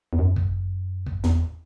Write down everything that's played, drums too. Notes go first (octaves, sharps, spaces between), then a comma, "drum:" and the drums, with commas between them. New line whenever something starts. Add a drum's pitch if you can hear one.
E2
F#2
drum: kick
drum: kick
E2, drum: tom